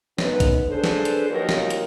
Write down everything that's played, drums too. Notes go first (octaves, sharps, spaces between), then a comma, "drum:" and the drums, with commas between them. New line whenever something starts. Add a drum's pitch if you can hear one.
F#2 B3 D#4 B4, drum: snare
drum: kick B1, hi-hat
D4 G#4 A4 B4 C5
drum: snare
drum: hi-hat
D#2 F3 F#3 A#4
drum: snare
drum: hi-hat